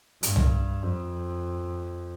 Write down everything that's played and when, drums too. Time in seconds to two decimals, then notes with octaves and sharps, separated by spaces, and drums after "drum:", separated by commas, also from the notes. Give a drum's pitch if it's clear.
0.23 G2, drum: hi-hat
0.36 drum: tom C2
0.84 F2